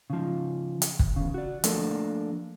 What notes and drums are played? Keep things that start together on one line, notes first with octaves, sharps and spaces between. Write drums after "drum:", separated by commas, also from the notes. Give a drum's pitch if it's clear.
C#3 F3
drum: hi-hat
drum: kick
E2 C#3
F#4 D5
F3 A3 A#3 D4 A4 A#4, drum: hi-hat